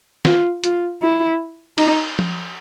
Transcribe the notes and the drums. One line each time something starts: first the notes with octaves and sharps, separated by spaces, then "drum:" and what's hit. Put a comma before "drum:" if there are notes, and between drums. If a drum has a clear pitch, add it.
F4, drum: snare
F4, drum: hi-hat
E4
D#4, drum: cymbal
drum: tom F3